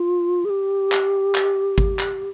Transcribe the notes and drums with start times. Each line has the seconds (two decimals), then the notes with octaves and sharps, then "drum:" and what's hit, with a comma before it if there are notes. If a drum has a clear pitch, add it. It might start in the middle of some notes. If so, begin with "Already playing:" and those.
Already playing: F4
0.45 G#4
0.50 G4
0.92 drum: clap
1.35 drum: clap
1.78 drum: kick
1.99 drum: clap